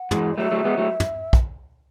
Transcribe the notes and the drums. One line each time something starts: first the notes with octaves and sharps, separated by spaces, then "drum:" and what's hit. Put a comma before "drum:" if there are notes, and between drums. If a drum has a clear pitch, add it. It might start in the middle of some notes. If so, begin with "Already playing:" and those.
Already playing: F#5
E3 G#3, drum: tom
D5
F#3 A3 E5
F#3 A3
G#3 B3
F#3 A3
drum: tom
drum: kick